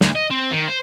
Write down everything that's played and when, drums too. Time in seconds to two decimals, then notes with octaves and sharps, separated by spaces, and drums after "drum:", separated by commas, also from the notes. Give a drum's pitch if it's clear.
0.01 D2, drum: snare
0.15 D#5
0.30 C4
0.51 D#3
0.68 C5